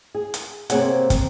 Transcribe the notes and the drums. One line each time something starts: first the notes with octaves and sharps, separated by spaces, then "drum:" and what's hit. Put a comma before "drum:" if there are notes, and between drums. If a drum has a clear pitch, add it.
G#4
drum: hi-hat
C3 A#3 C4 G#4 C#5 F#5, drum: hi-hat
drum: kick, hi-hat